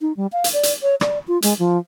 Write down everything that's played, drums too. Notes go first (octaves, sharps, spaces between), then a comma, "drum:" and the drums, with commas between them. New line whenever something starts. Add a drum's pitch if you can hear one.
D#4
G3
F5
drum: hi-hat
D5
drum: hi-hat
C#5
D5, drum: rim click
F4
G#3, drum: hi-hat
F3